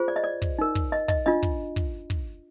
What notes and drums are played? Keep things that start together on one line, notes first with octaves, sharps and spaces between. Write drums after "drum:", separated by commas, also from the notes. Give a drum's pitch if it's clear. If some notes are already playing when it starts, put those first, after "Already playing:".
Already playing: F4 G#4 C5
D5
D#5
D5
drum: kick
D#4 A#4
drum: kick, hi-hat
D#5
D#5, drum: kick, hi-hat
D4 F4 D#5
drum: kick, hi-hat
drum: kick, hi-hat
drum: kick, hi-hat